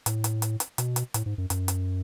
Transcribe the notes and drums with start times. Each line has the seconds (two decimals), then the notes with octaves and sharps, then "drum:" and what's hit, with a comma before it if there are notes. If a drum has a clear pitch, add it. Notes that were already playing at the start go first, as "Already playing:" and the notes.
0.06 A2, drum: hi-hat
0.24 drum: hi-hat
0.42 drum: hi-hat
0.60 drum: hi-hat
0.78 B2, drum: hi-hat
0.96 drum: hi-hat
1.14 A2, drum: hi-hat
1.26 G#2
1.38 F#2
1.50 F#2, drum: hi-hat
1.68 drum: hi-hat